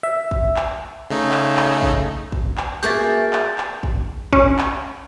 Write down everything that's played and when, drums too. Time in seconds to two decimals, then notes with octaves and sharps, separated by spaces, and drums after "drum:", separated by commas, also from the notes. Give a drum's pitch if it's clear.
0.03 E5
0.31 drum: kick
0.56 drum: clap
1.10 C#3 A3 D#4
1.32 drum: clap
1.57 drum: clap
1.82 drum: kick
2.32 drum: kick
2.58 drum: clap
2.83 G2 A#3 F#4 G#4 E5 G6 A6
3.33 drum: clap
3.58 drum: clap
3.83 drum: kick
4.33 C#4, drum: kick
4.59 drum: clap